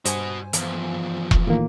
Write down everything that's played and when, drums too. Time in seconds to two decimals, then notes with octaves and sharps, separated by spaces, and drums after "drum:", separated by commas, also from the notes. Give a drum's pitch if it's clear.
0.05 G2 F#4 C5 D#5 G#5, drum: hi-hat
0.53 E2 F3, drum: hi-hat
1.31 drum: kick E1
1.47 A2 D#3 E3 A#3 F4